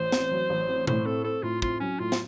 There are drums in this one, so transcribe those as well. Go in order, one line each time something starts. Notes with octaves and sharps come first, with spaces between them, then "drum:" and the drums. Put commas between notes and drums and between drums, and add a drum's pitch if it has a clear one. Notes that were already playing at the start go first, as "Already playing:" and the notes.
Already playing: A1 C5
C4, drum: snare
F#3
A1
C4
A2 C5, drum: tom B2
C4 A4
C4 A4
A2 F4
C4 F4, drum: kick
F#3 C#4
A2 F4
drum: snare